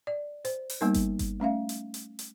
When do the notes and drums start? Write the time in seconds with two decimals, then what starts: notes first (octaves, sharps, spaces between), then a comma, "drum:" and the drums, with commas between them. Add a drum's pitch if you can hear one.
0.07 D5
0.45 C5, drum: hi-hat
0.70 drum: open hi-hat
0.81 G3 A#3 B3 D#4 A#4
0.94 drum: kick G1, hi-hat
1.19 drum: kick G1, hi-hat
1.40 A3 C#4 E5 F5
1.69 drum: hi-hat
1.94 drum: hi-hat
2.19 drum: hi-hat